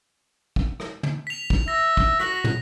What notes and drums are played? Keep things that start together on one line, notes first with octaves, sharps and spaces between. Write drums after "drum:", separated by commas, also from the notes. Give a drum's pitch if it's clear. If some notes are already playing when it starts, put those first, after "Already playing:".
drum: kick
drum: rim click
drum: tom
B6 F7
drum: kick
E5 A#6
drum: kick
F#4 B6, drum: rim click
drum: tom